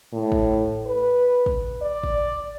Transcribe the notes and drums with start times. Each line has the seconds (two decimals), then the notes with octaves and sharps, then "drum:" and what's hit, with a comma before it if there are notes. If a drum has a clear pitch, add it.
0.13 A2
0.32 drum: kick
0.86 B4
1.46 drum: kick
1.82 D5
2.04 drum: kick